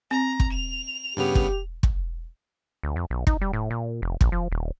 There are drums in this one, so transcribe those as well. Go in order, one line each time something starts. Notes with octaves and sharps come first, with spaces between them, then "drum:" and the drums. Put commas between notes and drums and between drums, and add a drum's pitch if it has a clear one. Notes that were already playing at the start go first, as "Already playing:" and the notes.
C4 A#5
drum: kick
F7
G2 C#3 B3 G4
drum: kick
drum: kick
D2
F2
B1
D#4, drum: kick
G3
A2
A#2
F1
A#1, drum: kick
F3
D#1